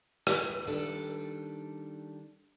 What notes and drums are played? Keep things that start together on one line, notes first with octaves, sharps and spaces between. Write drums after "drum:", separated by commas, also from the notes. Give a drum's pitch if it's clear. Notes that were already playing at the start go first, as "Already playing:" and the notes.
drum: rim click
D#3 G3 D4 A4